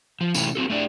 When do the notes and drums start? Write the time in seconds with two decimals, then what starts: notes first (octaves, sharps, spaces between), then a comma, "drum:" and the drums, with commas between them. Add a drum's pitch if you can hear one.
0.21 F3
0.34 C3 E3 A3 C#4, drum: tambourine
0.55 C4 F#4 A4
0.70 A3 D4 E4 G#4 D5